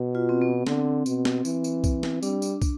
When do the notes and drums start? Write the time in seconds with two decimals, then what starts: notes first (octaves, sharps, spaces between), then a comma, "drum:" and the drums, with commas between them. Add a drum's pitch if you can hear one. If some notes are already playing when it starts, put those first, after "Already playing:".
Already playing: B2
0.15 F4
0.29 C4
0.42 B3
0.67 D3 C4, drum: snare
1.06 B2, drum: tambourine
1.25 drum: snare
1.45 E3, drum: tambourine
1.64 drum: tambourine
1.84 drum: kick, tambourine
2.03 drum: snare
2.23 G3 D4, drum: tambourine
2.42 drum: tambourine
2.62 drum: kick, tambourine